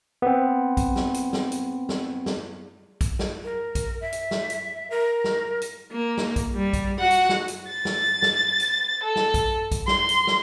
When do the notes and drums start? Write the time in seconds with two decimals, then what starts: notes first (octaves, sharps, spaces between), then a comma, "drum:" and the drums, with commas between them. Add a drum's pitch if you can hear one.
0.22 B3 C4
0.77 drum: kick A#1, hi-hat
0.96 drum: snare
1.14 drum: hi-hat
1.33 drum: snare
1.52 drum: hi-hat
1.89 drum: snare
2.26 drum: snare
3.01 drum: kick A#1, hi-hat
3.19 drum: snare
3.44 A#4
3.75 drum: kick A#1, hi-hat
4.01 E5
4.13 drum: hi-hat
4.31 drum: snare
4.50 drum: hi-hat
4.91 A#4
5.24 drum: snare
5.62 drum: hi-hat
5.91 A#3
6.17 drum: snare
6.36 drum: kick A#1, hi-hat
6.55 G3
6.73 drum: kick A#1, hi-hat
6.99 F#4 F#5
7.11 drum: hi-hat
7.29 drum: snare
7.48 drum: hi-hat
7.69 A6
7.85 drum: snare
8.22 drum: snare
8.60 drum: hi-hat
9.04 A4
9.16 drum: snare
9.34 drum: kick A#1, hi-hat
9.71 drum: kick A#1, hi-hat
9.88 C6, drum: snare
10.09 drum: hi-hat
10.27 drum: snare